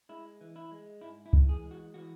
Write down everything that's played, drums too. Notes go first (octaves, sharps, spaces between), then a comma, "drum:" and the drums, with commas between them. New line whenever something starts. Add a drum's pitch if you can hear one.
G#3 E4
E3
E4
G#3
G#2 E4
E4
E3, drum: kick
G#4
G#3
F#4
E3 F#4